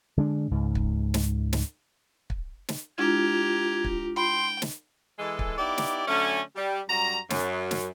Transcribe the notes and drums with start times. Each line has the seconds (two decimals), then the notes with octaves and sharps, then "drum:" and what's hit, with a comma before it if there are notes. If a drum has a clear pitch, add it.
0.17 D3 G#3 D4
0.51 C#2 G#2
0.75 drum: kick
1.14 drum: snare
1.53 drum: snare
2.30 drum: kick
2.69 drum: snare
2.98 G#3 D4 E4 F4 G4 A#5 G#6
3.84 drum: kick
4.16 G5 B5 C6
4.62 drum: snare
5.19 E3 G#3 A4
5.39 drum: kick
5.58 B3 D#4 E4 G4 D5
5.78 drum: snare
6.08 D3 F#3 A3 C#4
6.56 G3
6.89 F#2 G3 F#4 A#5
7.30 F#2, drum: snare
7.71 drum: snare